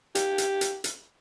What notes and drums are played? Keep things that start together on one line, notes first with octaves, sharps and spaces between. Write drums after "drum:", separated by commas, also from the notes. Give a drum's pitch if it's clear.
G4, drum: hi-hat
drum: hi-hat
drum: hi-hat
drum: hi-hat